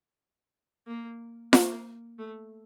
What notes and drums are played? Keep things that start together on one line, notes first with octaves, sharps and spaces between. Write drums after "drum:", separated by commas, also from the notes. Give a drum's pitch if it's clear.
A#3
A#3, drum: snare F4
A3